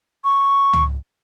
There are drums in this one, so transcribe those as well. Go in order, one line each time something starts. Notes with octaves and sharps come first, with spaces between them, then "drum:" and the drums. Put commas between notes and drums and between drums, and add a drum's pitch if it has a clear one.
C#6
drum: tom C#2